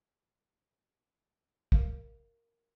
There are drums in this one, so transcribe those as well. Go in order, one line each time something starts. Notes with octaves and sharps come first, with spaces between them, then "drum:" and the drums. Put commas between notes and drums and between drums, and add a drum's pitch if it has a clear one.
A#4 F5, drum: kick